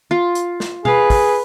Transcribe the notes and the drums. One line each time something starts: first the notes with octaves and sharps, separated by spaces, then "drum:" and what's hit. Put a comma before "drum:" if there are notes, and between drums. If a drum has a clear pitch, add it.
F4
drum: hi-hat
drum: snare
G#4 B4 F5, drum: tom B2
drum: kick, open hi-hat